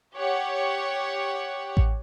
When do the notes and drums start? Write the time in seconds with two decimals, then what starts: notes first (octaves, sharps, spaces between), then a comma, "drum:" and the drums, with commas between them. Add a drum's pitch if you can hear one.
0.16 G4 C#5 F#5
1.77 drum: kick A1